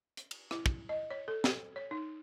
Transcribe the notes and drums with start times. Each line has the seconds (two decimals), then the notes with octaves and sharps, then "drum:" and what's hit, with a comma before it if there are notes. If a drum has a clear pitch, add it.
0.17 drum: hi-hat
0.31 drum: cymbal
0.51 E4, drum: rim click
0.66 drum: kick
0.89 D#5
1.11 C#5
1.28 A4
1.44 drum: snare
1.76 C#5
1.91 D#4